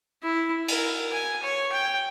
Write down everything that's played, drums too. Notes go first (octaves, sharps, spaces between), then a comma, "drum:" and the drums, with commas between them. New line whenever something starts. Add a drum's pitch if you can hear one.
E4
A#4, drum: cymbal
G#5
C#5
G5